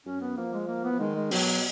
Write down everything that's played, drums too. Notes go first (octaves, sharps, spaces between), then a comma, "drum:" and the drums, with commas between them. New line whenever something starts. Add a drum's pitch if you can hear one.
F#2 C#4
B3
F3 A#3
G#3
A#3
B3
F3
D#3 G#3
G#3
B2 F#3, drum: open hi-hat